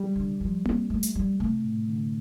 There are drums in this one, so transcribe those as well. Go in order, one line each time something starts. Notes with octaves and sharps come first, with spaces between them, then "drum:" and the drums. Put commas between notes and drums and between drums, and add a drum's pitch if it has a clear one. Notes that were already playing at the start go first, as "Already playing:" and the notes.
Already playing: G3
D3
F3
C4, drum: tom A#3
A3
drum: hi-hat
G3
C3 A3
A2
D3